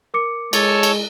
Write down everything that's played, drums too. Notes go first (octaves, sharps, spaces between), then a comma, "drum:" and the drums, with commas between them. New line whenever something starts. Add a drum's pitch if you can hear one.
A#4 D6 C#7
G#3 A4 C#5 A5, drum: cymbal
drum: cymbal